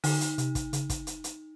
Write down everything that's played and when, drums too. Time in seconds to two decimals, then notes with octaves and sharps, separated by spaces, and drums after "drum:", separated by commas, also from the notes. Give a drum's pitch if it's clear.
0.04 D3 D#4, drum: open hi-hat
0.21 drum: hi-hat
0.38 C3, drum: hi-hat
0.55 drum: kick, hi-hat
0.73 C#3, drum: hi-hat
0.90 drum: kick, hi-hat
1.07 drum: hi-hat
1.24 drum: hi-hat